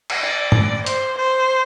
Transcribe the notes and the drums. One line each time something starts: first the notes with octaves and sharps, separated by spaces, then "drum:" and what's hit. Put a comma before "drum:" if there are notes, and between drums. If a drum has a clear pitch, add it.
drum: cymbal
D5
drum: tom
C5, drum: hi-hat
C5